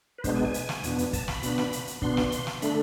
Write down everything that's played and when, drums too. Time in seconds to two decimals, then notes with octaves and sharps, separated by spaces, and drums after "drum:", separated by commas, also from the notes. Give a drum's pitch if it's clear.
0.18 B4
0.24 B2 G#3 B3 D4 C5, drum: kick, hi-hat
0.34 G#5
0.45 G#5
0.54 drum: hi-hat
0.69 drum: snare
0.83 E2 B2 B3 D4, drum: hi-hat
0.98 drum: hi-hat
1.13 A5, drum: kick, hi-hat
1.28 B5, drum: snare
1.43 B2 B3 D4, drum: hi-hat
1.58 drum: snare
1.73 drum: hi-hat
1.87 drum: hi-hat
2.02 B2 B3 D4 C6, drum: kick
2.17 drum: snare
2.32 drum: hi-hat
2.47 drum: snare
2.62 D3 A3 D4 B5, drum: hi-hat